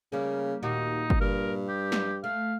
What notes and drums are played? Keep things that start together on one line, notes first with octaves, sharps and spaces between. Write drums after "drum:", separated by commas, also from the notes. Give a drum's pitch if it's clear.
C#3 G3 A#3
D#2 A#2 D#4 F#4
drum: kick G1
G2 A#4
G4
drum: snare
A3 F5